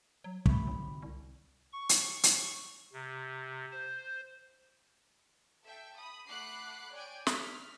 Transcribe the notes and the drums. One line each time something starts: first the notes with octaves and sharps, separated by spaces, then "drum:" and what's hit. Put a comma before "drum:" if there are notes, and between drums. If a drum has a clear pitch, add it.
F#3
D2 C3 A3 B5, drum: kick
B1
C2
C#6
drum: hi-hat
drum: hi-hat
C3
C5
A4 E5 G5
B5 D#6
A3 F#5 B5 D6 F#6 C7
C#5 D5 G5 G#5 D7
F6 B6, drum: snare